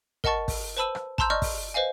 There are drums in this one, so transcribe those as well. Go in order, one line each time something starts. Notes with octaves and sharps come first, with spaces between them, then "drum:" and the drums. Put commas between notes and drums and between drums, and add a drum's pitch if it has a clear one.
A#4 D#5 F#5 A5 C#6 A6, drum: kick
drum: kick, open hi-hat
B4 C5 A5 B5 E6 D#7
drum: rim click
A5 A#5 C6 E6 G6, drum: kick
D5 D#5 C#6 F6 G6
drum: kick, open hi-hat
B4 C5 D#5 F5 G#5